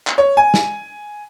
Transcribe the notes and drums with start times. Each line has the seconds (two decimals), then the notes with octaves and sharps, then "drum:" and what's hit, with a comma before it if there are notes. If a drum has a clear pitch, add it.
0.07 drum: clap
0.18 C#5
0.37 G#5
0.54 drum: snare